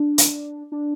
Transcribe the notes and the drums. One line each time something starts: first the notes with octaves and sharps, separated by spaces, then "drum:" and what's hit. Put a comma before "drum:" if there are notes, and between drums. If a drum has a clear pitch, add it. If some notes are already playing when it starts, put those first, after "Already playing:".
Already playing: D4
drum: hi-hat
D4